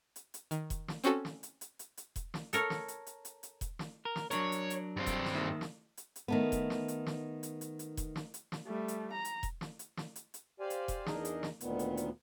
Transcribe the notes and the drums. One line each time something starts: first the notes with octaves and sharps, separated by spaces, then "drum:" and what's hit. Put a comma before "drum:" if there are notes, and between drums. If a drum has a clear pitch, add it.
drum: hi-hat
drum: hi-hat
D#3, drum: hi-hat
drum: kick E1, hi-hat
drum: snare
C4 C#4 F#4 A4, drum: hi-hat
drum: snare
drum: hi-hat
drum: hi-hat
drum: hi-hat
drum: hi-hat
drum: kick E1, hi-hat
drum: snare
A4 A#4 C#5, drum: hi-hat
drum: snare
drum: hi-hat
drum: hi-hat
drum: hi-hat
drum: hi-hat
drum: kick E1, hi-hat
drum: snare
A#4
drum: snare
F#3 D4 A#4 C#5, drum: hi-hat
drum: hi-hat
drum: hi-hat
G2 C4
drum: kick E1, hi-hat
drum: snare
D#2 D#3 E5
drum: snare
drum: hi-hat
drum: hi-hat
D#3 A3 B3
drum: kick E1, hi-hat
drum: snare
drum: hi-hat
drum: snare
drum: hi-hat
drum: hi-hat
drum: hi-hat
drum: kick E1, hi-hat
drum: snare
drum: hi-hat
drum: snare
G3 A3
drum: hi-hat
A#5
drum: hi-hat
drum: kick E1, hi-hat
drum: snare
drum: hi-hat
drum: snare
drum: hi-hat
drum: hi-hat
G4 C5 D5 F5 G#5
drum: hi-hat
drum: kick E1, hi-hat
E2 D4 D#4 G#4 A#4 D#5, drum: snare
drum: hi-hat
drum: snare
D2 A#2 D#3 B3, drum: hi-hat
drum: hi-hat
drum: hi-hat